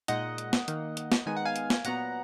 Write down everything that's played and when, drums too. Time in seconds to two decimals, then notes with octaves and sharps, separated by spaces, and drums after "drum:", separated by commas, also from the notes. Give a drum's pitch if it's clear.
0.08 A#2 G#3 D#4 D#5 F#5, drum: hi-hat
0.38 drum: hi-hat
0.53 drum: snare
0.68 D#3 A#3 D#4, drum: hi-hat
0.97 drum: hi-hat
1.12 drum: snare
1.26 D#3 G#3 B3 D#4 G#5
1.37 F#5
1.45 F5 G#5
1.56 drum: hi-hat
1.70 drum: snare
1.85 A#2 F#3 B3 F#5 A#5, drum: hi-hat